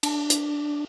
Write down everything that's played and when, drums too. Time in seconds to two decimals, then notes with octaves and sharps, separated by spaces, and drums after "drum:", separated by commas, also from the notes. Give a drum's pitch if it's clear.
0.03 D4, drum: cymbal
0.30 drum: hi-hat